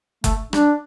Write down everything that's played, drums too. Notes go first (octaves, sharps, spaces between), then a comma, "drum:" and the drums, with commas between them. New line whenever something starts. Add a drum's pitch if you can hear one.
A3, drum: kick F#1, hi-hat
D4, drum: rim click